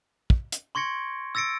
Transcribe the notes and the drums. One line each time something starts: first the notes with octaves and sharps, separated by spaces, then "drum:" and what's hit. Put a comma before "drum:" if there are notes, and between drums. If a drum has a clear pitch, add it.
drum: kick
drum: hi-hat
C6 C#6 G#6 A#6 C#7 D7
E6 A6 A#6 C#7 D7